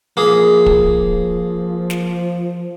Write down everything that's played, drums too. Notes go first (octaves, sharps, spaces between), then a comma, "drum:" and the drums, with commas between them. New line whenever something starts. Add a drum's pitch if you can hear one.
F3 A#3 G#4
drum: kick
drum: snare